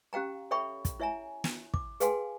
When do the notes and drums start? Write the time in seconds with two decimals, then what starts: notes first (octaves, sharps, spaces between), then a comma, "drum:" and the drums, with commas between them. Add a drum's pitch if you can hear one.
0.13 C#4 G4 F5 G5 A#5
0.51 A4 C#5 E5 G5 B5 C#6
0.85 drum: kick, hi-hat
1.00 E4 C#5 E5 G#5 A#5
1.44 drum: snare
1.74 D6, drum: kick
2.00 G#4 B4 F5 G5 G#5 C6, drum: hi-hat